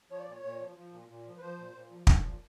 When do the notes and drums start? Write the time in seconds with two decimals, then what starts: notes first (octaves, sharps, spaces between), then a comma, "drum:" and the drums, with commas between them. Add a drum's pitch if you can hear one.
0.10 F3 C#5
0.20 D5
0.27 A#2 C#5
0.43 A#2
0.59 F3
0.76 F3
0.92 A#2
1.08 A#2
1.26 F3
1.37 B4
1.41 F3 C5
1.58 A#2
1.74 A#2
1.90 F3
2.07 F3, drum: kick
2.23 A#2